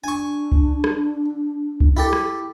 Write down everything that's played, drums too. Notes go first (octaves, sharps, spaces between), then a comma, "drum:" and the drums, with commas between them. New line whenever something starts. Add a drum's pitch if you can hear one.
D4 G#5 C#6
drum: kick C#2
drum: rim click
drum: kick C#2
E4 G4 A4
drum: rim click